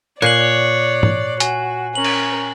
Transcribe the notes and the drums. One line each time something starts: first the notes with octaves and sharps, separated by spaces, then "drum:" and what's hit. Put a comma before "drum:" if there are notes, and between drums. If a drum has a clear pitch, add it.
A#2 C#5 D5 F#6 C7 F#7
drum: tom G#2
F#4 G#5, drum: hi-hat
C#4 A#4 F#7
drum: cymbal